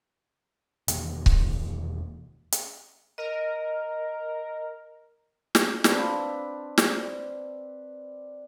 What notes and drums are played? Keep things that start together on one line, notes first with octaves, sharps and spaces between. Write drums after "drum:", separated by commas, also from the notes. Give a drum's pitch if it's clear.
E1 E2 D#3 A#3, drum: hi-hat
drum: kick C#1
drum: hi-hat
A#4 D#5
drum: snare
C4 D4 B4 F5, drum: snare
drum: snare